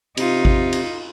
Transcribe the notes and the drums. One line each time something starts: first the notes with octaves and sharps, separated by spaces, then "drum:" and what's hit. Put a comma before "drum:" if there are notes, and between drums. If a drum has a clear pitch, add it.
C3 D#4 F4, drum: cymbal
drum: kick G#1
drum: cymbal